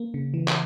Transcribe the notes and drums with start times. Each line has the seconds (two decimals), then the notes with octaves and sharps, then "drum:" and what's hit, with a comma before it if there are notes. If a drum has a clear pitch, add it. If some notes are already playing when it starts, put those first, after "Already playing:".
Already playing: A#3
0.14 C#3
0.34 E3
0.48 drum: clap